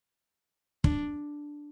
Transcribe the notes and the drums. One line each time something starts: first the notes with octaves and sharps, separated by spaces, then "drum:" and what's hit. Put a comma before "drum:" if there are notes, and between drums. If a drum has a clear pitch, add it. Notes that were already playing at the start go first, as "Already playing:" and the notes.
D4, drum: kick